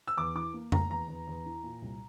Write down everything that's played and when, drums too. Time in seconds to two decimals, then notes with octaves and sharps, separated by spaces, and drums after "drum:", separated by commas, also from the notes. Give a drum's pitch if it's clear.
0.07 E6
0.17 E2 D6
0.35 E3 D6
0.54 A#3
0.72 A#3 A#5, drum: tom F2
0.90 E2 A#5
1.08 E2
1.28 E2
1.46 E3
1.63 A#2
1.82 C2